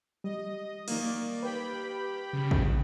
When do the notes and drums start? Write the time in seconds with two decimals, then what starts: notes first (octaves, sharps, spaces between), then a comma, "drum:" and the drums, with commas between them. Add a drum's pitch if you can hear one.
0.24 G3 D#5
0.88 D#3 A#3 D5, drum: cymbal
1.43 G4 B4 G5 B5
2.33 C#3
2.51 drum: kick A1